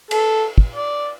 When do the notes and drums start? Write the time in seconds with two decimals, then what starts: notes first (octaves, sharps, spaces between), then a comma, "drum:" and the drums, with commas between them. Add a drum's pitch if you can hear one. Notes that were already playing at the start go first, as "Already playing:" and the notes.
0.11 A4, drum: cymbal
0.58 drum: kick
0.75 D5